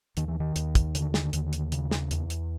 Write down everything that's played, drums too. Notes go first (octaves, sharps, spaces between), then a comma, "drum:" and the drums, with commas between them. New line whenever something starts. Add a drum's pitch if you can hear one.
D#2 D#3, drum: hi-hat
E3
D#3
D#2, drum: hi-hat
drum: kick, hi-hat
D3, drum: hi-hat
drum: snare
D#2, drum: hi-hat
drum: hi-hat
C#3, drum: hi-hat
drum: snare
E2, drum: hi-hat
drum: hi-hat